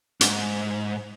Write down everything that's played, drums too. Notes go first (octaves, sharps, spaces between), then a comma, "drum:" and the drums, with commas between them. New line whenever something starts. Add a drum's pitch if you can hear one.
G#2, drum: hi-hat